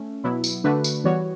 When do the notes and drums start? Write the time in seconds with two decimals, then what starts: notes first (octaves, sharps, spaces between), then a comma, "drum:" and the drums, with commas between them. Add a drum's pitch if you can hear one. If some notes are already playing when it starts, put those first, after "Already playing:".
Already playing: A3 C#4
0.24 B2 F#3 B3 E4
0.44 drum: tambourine
0.64 D3 A3 D4 F#4 B4
0.84 drum: tambourine
1.04 E3 G3 B3 F#4 C#5